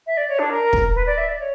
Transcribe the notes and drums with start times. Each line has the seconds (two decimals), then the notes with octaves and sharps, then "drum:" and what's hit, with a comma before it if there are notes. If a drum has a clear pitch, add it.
0.07 E5
0.17 D5
0.29 C#5
0.39 D4
0.50 A#4
0.73 drum: kick
0.95 B4
1.06 D5
1.18 E5
1.28 D5
1.40 C#5